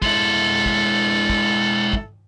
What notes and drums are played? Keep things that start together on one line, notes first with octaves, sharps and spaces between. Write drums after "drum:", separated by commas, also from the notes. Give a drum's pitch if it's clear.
G#3 E4 A4, drum: kick
drum: kick
drum: kick
drum: kick